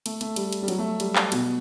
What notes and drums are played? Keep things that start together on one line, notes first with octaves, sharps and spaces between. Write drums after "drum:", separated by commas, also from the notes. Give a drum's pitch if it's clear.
A3, drum: cymbal
A3, drum: cymbal
G3, drum: cymbal
drum: cymbal
G3
F#3, drum: cymbal
A3
G3, drum: cymbal
drum: clap
B2, drum: cymbal